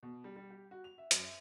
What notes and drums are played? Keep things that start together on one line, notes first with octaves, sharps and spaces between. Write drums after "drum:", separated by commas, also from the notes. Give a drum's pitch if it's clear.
B2
G3
G3
G4
F#4
F7
E5
F#2, drum: hi-hat
E5